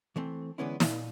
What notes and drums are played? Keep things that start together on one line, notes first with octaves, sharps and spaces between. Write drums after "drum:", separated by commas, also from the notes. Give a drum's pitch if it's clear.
E3 A3 C4
D3 E3 G#3 B3 C#4 E4
A#2, drum: snare